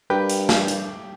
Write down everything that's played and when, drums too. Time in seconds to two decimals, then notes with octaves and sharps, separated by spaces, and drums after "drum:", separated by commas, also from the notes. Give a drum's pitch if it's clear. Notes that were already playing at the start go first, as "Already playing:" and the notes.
0.10 G2 G4 A#4 B4 G5
0.30 drum: hi-hat
0.49 drum: snare
0.68 drum: hi-hat